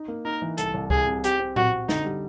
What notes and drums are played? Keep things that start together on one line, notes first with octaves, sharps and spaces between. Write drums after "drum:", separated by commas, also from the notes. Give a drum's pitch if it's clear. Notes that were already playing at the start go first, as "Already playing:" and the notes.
Already playing: D#4
A#3
D#4 A#4
E3
C2 A4, drum: hi-hat
C2
C2 G#4, drum: kick C#2
C3
C4 G4, drum: hi-hat
C4
C4 F#4, drum: tom A2
C4
D3 D#4, drum: snare
G3